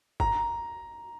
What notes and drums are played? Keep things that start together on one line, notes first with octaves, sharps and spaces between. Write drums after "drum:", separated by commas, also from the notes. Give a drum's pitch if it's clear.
A#5, drum: kick